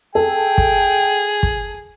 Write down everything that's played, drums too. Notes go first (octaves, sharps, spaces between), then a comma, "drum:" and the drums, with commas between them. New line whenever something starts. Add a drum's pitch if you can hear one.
G#4 A4 G5
drum: kick
drum: kick